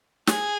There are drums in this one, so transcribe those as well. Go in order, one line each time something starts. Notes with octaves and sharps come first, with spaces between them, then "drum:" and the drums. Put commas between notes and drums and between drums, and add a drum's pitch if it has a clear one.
G#4, drum: snare